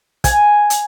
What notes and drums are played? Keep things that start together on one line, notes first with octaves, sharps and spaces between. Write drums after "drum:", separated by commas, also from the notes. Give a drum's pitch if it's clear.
G#5, drum: kick, hi-hat
drum: hi-hat